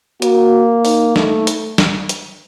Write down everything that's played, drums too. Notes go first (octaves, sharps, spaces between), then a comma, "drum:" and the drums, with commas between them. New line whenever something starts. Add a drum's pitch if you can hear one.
A#3 F#4, drum: hi-hat
D#4, drum: open hi-hat
A3 D#4, drum: snare
drum: hi-hat
drum: snare
drum: hi-hat